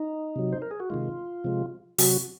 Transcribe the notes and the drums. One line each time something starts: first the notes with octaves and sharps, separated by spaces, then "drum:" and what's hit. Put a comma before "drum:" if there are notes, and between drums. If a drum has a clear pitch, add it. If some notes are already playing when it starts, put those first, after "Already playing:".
Already playing: D#4
C3 F#3
C5
A#4
G#4
F#4
C3 D#3 G#3 F4
C3 F3 G#3
C3 F#3 F#4, drum: open hi-hat